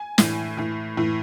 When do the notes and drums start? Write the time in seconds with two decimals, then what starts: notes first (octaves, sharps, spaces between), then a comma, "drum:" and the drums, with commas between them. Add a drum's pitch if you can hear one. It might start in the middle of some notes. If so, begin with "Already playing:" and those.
Already playing: G#5
0.18 A2 E3, drum: snare
0.57 A2 E3
0.97 A2 E3